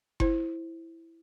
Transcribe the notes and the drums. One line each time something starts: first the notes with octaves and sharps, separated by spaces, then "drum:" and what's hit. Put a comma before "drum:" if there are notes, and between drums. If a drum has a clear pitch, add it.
E4 C5, drum: kick F#1